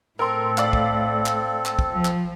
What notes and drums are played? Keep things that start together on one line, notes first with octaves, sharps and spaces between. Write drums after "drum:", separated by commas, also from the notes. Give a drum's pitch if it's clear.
A2 C4 A4 A#4 C6
D5 F5, drum: clap
drum: kick
drum: clap
drum: clap
drum: kick
F3
drum: clap